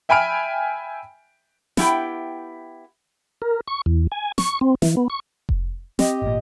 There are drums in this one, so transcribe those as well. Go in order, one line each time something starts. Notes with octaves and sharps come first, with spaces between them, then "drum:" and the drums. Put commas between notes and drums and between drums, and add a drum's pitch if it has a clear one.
E5 G5 G#5 B5 F6 D7
B3 E4 G4 G5, drum: snare
A#4
C#6
E2
G#5
C#6, drum: snare
C4
E3, drum: snare
B3
C#6
drum: kick F1
C4 G4 D#5, drum: snare
G#1 A#2